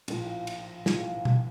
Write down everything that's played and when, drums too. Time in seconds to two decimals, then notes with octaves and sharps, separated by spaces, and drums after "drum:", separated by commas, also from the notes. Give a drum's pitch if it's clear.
0.08 A#1 A2 F3, drum: cymbal
0.47 drum: cymbal
0.86 A#1 A2 F3, drum: snare
1.25 drum: tom B2